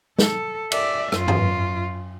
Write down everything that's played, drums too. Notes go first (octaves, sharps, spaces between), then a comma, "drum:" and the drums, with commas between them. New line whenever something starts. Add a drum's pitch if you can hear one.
A4, drum: snare
D5 E5, drum: cymbal
F#2 F4, drum: rim click
drum: tom